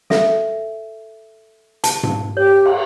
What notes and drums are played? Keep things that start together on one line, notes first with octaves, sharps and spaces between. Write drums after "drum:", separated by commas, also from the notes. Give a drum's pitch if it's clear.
A4 E5, drum: snare
A5, drum: hi-hat
drum: tom G#2
G4 C#5
drum: cymbal